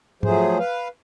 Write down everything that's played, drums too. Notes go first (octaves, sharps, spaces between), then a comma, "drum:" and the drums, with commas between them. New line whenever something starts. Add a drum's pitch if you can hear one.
F3 F#3 A3 G#4 C5, drum: tom G#2
B4 F5